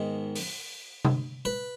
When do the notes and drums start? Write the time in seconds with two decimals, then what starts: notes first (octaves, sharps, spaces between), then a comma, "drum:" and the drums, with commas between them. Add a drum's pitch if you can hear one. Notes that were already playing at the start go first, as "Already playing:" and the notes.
Already playing: G#2 D#3 G#3 B3
0.35 drum: open hi-hat
1.05 drum: tom C3
1.45 B4